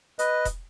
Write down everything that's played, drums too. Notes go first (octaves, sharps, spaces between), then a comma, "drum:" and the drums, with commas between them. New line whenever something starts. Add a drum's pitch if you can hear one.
B4 D#5, drum: hi-hat
drum: kick E1, hi-hat